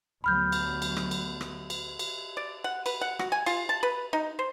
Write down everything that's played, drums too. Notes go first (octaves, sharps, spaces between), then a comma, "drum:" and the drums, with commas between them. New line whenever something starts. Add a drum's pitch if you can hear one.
D2 F#3 B3 B5 F6 G6
drum: cymbal
drum: cymbal
drum: rim click
drum: cymbal
drum: rim click
drum: cymbal
drum: cymbal
D5
F#5
B4, drum: cymbal
F#5
F#4, drum: rim click
G#5
F4, drum: cymbal
A5
B4
D#4
C5